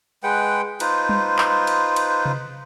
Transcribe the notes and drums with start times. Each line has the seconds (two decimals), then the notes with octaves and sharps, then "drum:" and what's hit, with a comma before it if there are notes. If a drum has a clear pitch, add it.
0.23 G#3 B4 F#5 G5
0.80 D#4 F4 B4 C5, drum: cymbal
1.09 drum: tom G3
1.38 drum: clap
1.67 drum: cymbal
1.96 drum: cymbal
2.25 drum: tom C3